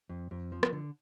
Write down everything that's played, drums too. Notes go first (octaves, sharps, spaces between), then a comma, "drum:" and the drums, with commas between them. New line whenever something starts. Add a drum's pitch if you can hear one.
F2
F2
F3
drum: rim click
D3